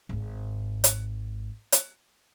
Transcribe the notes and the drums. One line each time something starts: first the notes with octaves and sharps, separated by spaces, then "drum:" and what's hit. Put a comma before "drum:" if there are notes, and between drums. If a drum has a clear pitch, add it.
G#1 G#2
drum: hi-hat
drum: hi-hat